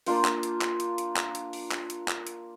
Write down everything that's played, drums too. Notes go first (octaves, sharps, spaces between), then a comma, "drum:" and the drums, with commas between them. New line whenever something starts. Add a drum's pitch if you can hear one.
A#3 D4 F4 C5, drum: open hi-hat
drum: clap
drum: hi-hat
drum: clap
drum: hi-hat
drum: hi-hat
drum: clap
drum: hi-hat
drum: open hi-hat
drum: clap
drum: hi-hat
drum: clap
drum: hi-hat